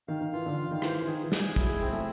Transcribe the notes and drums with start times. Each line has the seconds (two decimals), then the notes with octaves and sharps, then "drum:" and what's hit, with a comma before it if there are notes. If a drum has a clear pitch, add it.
0.08 D#3 F5
0.21 D#3
0.33 E3 F4
0.46 D3
0.57 F5
0.71 D#3
0.82 E3 C5, drum: rim click
1.02 E3
1.07 D#3 G#4
1.24 E3
1.32 G#4, drum: snare
1.40 E3
1.56 F#3 E4, drum: kick
1.69 G#3
1.81 G#3 C4
1.93 A3